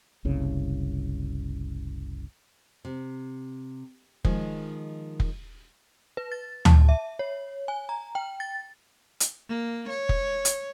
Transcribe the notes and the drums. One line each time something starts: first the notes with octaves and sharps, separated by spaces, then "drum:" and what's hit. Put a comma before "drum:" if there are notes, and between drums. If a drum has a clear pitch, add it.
F#1 C2 C#3
C3
D#3 F3 G#3, drum: kick F1
drum: kick F1
B4
A6
A5, drum: tom
E5
C#5
G#5
A#5
G5
A6
drum: hi-hat
A#3
C#5
drum: kick F1
drum: hi-hat